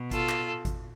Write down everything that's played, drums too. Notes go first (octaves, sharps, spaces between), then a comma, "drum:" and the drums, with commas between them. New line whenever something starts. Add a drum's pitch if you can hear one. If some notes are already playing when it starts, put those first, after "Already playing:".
Already playing: B2
F4 A4, drum: kick G#1, hi-hat
drum: clap
drum: kick G#1, hi-hat